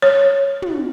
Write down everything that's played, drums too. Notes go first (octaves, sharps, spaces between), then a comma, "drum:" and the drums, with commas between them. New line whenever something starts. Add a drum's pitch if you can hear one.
C#5
drum: tom